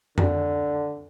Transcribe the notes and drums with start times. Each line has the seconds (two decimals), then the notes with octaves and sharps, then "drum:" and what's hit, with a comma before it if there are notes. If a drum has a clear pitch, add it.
0.18 D3, drum: tom F2